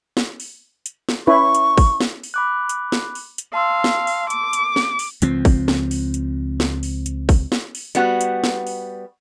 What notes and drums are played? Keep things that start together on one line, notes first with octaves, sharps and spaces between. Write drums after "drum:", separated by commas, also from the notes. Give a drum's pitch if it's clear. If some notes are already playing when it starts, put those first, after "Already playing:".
drum: snare
drum: open hi-hat
drum: hi-hat
drum: snare
C#4 E4 B4 C#6
drum: hi-hat
drum: kick, open hi-hat
drum: snare
drum: open hi-hat
B5 D6 F#6
drum: hi-hat
drum: snare
drum: open hi-hat
drum: hi-hat
F5 A5 C6 E6
drum: snare
drum: open hi-hat
D6, drum: hi-hat
drum: hi-hat
drum: snare
drum: open hi-hat
C#2 F3 C4, drum: hi-hat
drum: kick, open hi-hat
drum: snare
drum: open hi-hat
drum: hi-hat
drum: snare
drum: open hi-hat
drum: hi-hat
drum: kick, open hi-hat
drum: snare
drum: open hi-hat
G3 B3 F#4, drum: hi-hat
drum: hi-hat
drum: snare
drum: open hi-hat